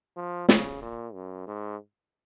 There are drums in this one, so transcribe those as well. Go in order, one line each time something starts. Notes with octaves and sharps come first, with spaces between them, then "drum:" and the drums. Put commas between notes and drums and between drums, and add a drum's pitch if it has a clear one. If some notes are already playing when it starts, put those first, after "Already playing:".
F3
C#3, drum: snare
A#2
F#2
G#2